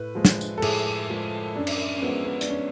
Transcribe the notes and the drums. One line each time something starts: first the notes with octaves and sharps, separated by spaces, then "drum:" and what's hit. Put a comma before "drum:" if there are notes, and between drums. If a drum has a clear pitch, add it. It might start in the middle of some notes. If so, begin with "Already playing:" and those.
Already playing: A2 B4
F3 G#3
drum: snare
drum: tambourine
A4
A2 G#4, drum: cymbal
F3 G#3
F#2 D4
drum: cymbal
C#4
F3 G#3 B3
B3
D4, drum: hi-hat
C#4